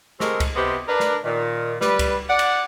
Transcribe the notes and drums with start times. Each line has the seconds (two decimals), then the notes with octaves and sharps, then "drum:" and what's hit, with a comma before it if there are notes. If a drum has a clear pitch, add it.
0.20 G#3 C4 F#4 G4 A4 A#4, drum: snare
0.40 drum: kick C#2, cymbal
0.56 C3 B3 G4 C5 D#5
0.88 D4 A#4 B4
1.00 drum: snare
1.25 A#2 D#3
1.81 G3 B4, drum: snare
1.99 drum: kick C#2, cymbal
2.30 D5 F#5
2.39 drum: cymbal